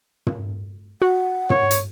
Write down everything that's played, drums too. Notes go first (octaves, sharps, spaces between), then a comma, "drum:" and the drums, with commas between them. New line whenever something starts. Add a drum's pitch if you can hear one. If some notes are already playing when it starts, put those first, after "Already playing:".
drum: tom
F#4 F#5
C#5, drum: tom
drum: hi-hat